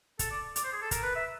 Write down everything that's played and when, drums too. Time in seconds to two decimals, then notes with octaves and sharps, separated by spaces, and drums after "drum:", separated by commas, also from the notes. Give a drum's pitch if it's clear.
0.19 A4, drum: kick, hi-hat
0.31 D5
0.56 D5, drum: hi-hat
0.64 C5
0.73 G#4
0.82 A4
0.91 A#4, drum: kick, hi-hat
1.03 B4
1.15 E5